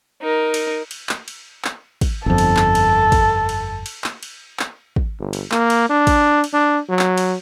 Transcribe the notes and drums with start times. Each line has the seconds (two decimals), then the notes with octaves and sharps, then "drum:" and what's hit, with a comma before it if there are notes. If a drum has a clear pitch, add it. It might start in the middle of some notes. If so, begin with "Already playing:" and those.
0.21 D#4 A#4
0.54 drum: cymbal
0.91 drum: cymbal
1.09 drum: clap
1.28 drum: cymbal
1.65 drum: clap
2.01 drum: kick, cymbal
2.26 G1 F2 A4
2.38 drum: cymbal
2.57 drum: clap
2.75 drum: cymbal
3.12 drum: kick, cymbal
3.49 drum: cymbal
3.86 drum: cymbal
4.04 drum: clap
4.23 drum: cymbal
4.59 drum: clap
4.96 drum: kick
5.19 G1
5.33 drum: cymbal
5.52 A#3, drum: clap
5.70 drum: cymbal
5.90 D4
6.07 drum: kick, cymbal
6.44 drum: cymbal
6.53 D4
6.89 F#3
6.99 drum: clap
7.18 drum: cymbal